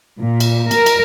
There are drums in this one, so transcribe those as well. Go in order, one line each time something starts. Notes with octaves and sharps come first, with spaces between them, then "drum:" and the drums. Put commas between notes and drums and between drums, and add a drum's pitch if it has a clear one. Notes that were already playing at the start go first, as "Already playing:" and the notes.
A#2
drum: cymbal
A#4, drum: cymbal
drum: cymbal